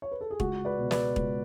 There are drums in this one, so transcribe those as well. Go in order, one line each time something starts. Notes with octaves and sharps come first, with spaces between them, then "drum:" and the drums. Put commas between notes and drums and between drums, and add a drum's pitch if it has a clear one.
C#5
B4
A4
G#4
C#2 F#4, drum: kick
B4 D5
B2
B4 D5, drum: snare
C#2, drum: kick